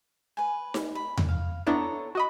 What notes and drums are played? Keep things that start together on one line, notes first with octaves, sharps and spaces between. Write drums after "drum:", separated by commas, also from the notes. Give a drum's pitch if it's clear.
B4 G#5
drum: snare D#4
B5
drum: tom E2
F5
B3 D4 E4 A4 C#5 A#5
F#4 D#5 B5